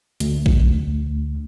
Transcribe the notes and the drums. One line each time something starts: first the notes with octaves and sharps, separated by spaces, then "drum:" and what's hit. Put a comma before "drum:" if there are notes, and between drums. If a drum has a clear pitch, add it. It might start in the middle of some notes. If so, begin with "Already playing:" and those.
D2, drum: hi-hat
drum: kick A#1